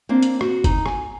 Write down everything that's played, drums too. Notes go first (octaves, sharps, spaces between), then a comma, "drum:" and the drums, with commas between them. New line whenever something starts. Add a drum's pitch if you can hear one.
A#3 C4 D4
drum: hi-hat
F#4, drum: rim click
D#4, drum: kick, hi-hat
G#5, drum: rim click